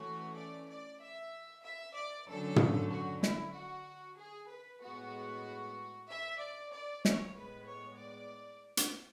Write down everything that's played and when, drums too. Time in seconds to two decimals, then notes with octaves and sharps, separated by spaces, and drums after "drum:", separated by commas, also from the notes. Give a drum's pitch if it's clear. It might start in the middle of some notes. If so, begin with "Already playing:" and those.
Already playing: E3 A3 C#4 F#4
0.38 D5
0.70 D5
1.02 E5
1.65 E5
1.97 D5
2.29 D3 F#3 A3 C#4 A4
2.56 drum: tom
2.91 F#4
3.23 E4, drum: snare
3.55 F#4
4.19 G#4
4.50 B4
4.82 A2 G#3 B3 F#4
6.10 E5
6.40 D5
6.73 D5
7.05 C#5, drum: snare
7.35 A2 G#3 B3 B4
7.67 C#5
7.99 D5
8.77 drum: hi-hat